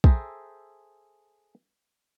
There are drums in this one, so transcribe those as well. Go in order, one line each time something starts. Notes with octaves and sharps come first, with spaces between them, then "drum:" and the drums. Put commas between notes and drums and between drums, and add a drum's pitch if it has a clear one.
G#4 A4 C5 E5 G5 A#5, drum: kick